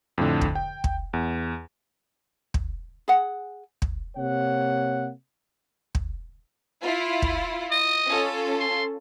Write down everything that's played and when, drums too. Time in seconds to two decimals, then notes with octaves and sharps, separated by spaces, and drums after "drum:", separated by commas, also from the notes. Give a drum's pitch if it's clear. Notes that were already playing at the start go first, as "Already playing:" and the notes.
0.18 F2 A2 D3
0.41 drum: kick
0.55 G5
0.84 drum: kick
1.13 E2
2.54 drum: kick
3.08 G#4 F#5
3.82 drum: kick
4.16 C3 A#3 C#5 F#5
5.95 drum: kick
6.82 E4 F4
7.22 drum: kick
7.72 D#5
8.07 C#4 F4 A4
8.59 C6